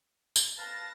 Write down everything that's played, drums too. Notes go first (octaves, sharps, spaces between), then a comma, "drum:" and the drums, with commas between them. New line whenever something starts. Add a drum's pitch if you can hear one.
drum: tambourine
B4 F5 A5 A6 A#6